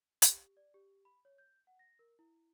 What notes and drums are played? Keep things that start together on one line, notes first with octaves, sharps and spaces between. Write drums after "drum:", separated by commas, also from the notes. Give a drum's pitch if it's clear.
G4, drum: hi-hat
D5
G4
B5
C#5
G6
F#5
A#6
A#4
E4